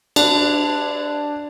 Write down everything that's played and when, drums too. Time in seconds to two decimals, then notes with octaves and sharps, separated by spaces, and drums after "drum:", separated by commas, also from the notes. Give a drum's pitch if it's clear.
0.16 D4, drum: cymbal